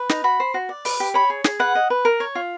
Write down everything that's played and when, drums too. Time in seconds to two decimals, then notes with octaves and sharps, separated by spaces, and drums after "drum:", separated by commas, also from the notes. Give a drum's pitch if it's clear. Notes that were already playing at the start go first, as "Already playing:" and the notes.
Already playing: B4
0.09 D#4, drum: snare
0.24 F#4 B5
0.40 C5
0.54 F#4
0.69 D5
0.85 B4, drum: open hi-hat
1.00 G4
1.14 C#5 B5
1.30 G#4
1.44 G#4, drum: snare
1.59 B4 F#5
1.75 D#5
1.90 B4
2.05 A#4
2.20 C#5
2.35 F4